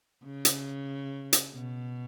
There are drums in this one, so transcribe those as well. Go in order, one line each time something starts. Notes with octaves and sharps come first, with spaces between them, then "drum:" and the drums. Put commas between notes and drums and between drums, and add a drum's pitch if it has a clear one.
C#3
drum: hi-hat
drum: hi-hat
B2